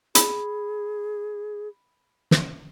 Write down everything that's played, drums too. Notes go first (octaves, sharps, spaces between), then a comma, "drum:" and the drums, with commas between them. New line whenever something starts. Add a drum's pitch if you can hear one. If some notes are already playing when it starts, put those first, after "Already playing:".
G#4 B5, drum: hi-hat
drum: snare